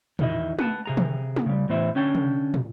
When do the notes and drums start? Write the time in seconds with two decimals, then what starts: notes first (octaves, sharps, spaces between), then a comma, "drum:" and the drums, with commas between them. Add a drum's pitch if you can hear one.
0.19 E2 D#3 E4 D#5, drum: tom
0.59 B4 F#5 A5, drum: tom
0.86 C3 G#4 A#5
0.97 drum: tom D3
1.36 drum: tom
1.46 C#3 G3
1.69 A2 E3 B3 C5 E5
1.95 D3 C#4 G5 A5
2.15 drum: tom C3
2.54 drum: tom